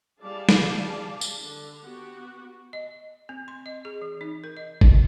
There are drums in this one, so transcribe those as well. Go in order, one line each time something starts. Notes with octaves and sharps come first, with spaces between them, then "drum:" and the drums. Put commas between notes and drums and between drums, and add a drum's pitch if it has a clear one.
G3 E4 G#4 D5 F5 A5
drum: snare
drum: tambourine
D3
B3 F#4 G4 F#5
D#5
C4
C6
D#5
G#4
E3
D#4
A#4
D#5
B3, drum: kick G1